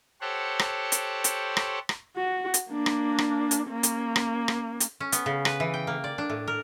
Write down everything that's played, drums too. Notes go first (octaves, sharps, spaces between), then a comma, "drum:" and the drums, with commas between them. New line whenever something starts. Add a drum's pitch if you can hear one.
G4 A4 C5 C#5 F#5
drum: rim click
drum: hi-hat
drum: hi-hat
drum: rim click
drum: rim click
F#4
drum: hi-hat
A#3 D4
drum: rim click
drum: rim click
drum: hi-hat
A#3 C#4
drum: hi-hat
drum: rim click
drum: rim click
drum: hi-hat
C#4
B3, drum: hi-hat
C#3
B4, drum: rim click
E3
G5
A#3
D5
D4
A2
A#4